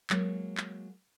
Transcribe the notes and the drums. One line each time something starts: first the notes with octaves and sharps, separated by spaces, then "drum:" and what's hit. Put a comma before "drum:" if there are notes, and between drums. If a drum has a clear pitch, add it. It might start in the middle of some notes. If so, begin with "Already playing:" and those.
F#3 G#3 A#3 C#5, drum: clap
drum: clap